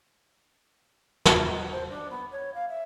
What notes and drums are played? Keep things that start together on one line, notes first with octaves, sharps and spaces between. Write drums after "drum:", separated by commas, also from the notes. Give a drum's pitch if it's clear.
drum: snare
D#4
C5
D4
B3
C#5
F5
E5